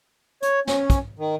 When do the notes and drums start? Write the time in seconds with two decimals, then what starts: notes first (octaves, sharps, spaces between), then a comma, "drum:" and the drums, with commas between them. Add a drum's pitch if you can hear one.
0.42 C#5, drum: hi-hat
0.67 C#4, drum: snare
0.90 drum: kick, hi-hat
1.19 D#3